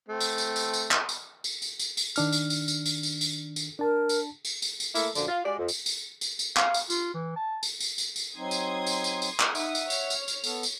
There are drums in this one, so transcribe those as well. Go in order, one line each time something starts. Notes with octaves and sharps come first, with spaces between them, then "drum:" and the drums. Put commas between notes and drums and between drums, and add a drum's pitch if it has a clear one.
A3 C4
drum: tambourine
drum: tambourine
drum: tambourine
drum: tambourine
drum: clap
drum: tambourine
drum: tambourine
drum: tambourine
drum: tambourine
drum: tambourine
D#3 D4 F6, drum: tambourine
drum: tambourine
drum: tambourine
drum: tambourine
drum: tambourine
drum: tambourine
drum: tambourine
drum: tambourine
D4 A#4 A5
drum: tambourine
drum: tambourine
drum: tambourine
drum: tambourine
A3 A#3 E4 A4, drum: tambourine
F#2 A#2 D3 F3 D4, drum: tambourine
F4
G#3 F#4 G4 D5
F2
drum: tambourine
drum: tambourine
drum: tambourine
drum: tambourine
F5, drum: clap
drum: tambourine
F4, drum: tambourine
E3
A5
drum: tambourine
drum: tambourine
drum: tambourine
drum: tambourine
F#3 C4 D#4 C6 D#6 G#6
drum: tambourine
drum: tambourine
drum: tambourine
drum: tambourine
drum: clap
D#4 E5 F#5 D#6, drum: tambourine
drum: tambourine
C#5 F6, drum: tambourine
drum: tambourine
drum: tambourine
B3 A4, drum: tambourine
drum: tambourine